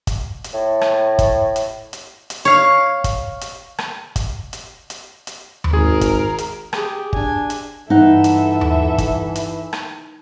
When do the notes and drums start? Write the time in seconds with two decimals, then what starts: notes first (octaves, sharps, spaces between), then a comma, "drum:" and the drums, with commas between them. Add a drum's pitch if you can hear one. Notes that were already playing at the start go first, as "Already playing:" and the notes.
0.07 drum: kick G1, hi-hat
0.44 drum: hi-hat
0.54 A2
0.81 drum: rim click
1.19 drum: kick G1, hi-hat
1.56 drum: hi-hat
1.93 drum: hi-hat
2.30 drum: hi-hat
2.45 C#5 F5
3.04 drum: kick G1, hi-hat
3.41 drum: hi-hat
3.78 drum: rim click
4.16 drum: kick G1, hi-hat
4.53 drum: hi-hat
4.90 drum: hi-hat
5.27 drum: hi-hat
5.64 drum: tom D#2
5.73 G#1 G#4 A#4
6.01 drum: kick G1, hi-hat
6.38 drum: hi-hat
6.73 G4 G#4, drum: rim click
7.13 D4 G#5, drum: kick G1
7.50 drum: hi-hat
7.90 G2 E3 D#4 A4 E5 F#5
8.24 drum: hi-hat
8.61 drum: tom D#2
8.98 drum: kick G1, hi-hat
9.35 drum: hi-hat
9.73 drum: rim click